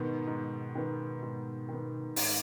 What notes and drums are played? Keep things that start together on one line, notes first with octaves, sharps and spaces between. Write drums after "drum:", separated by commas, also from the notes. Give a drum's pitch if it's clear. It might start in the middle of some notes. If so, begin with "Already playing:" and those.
Already playing: G#2 B2 D#3 B3
G#2
D#3 B3
G#2
D#3 B3
G#2, drum: open hi-hat